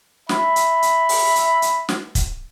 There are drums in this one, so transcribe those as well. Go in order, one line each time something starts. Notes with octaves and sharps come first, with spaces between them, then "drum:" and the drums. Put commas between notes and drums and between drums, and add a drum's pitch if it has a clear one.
E5 B5, drum: snare
drum: hi-hat
drum: hi-hat
drum: open hi-hat
drum: hi-hat
drum: hi-hat
drum: snare
drum: kick, hi-hat